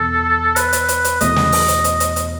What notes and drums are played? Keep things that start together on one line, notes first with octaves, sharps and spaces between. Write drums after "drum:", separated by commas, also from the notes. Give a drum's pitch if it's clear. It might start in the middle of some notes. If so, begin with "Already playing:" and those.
Already playing: E2 B2 A4
B4, drum: hi-hat
drum: hi-hat
drum: hi-hat
drum: hi-hat
E2 B2 A3 D#5, drum: hi-hat
drum: snare
drum: open hi-hat
drum: hi-hat
drum: hi-hat
drum: hi-hat
drum: hi-hat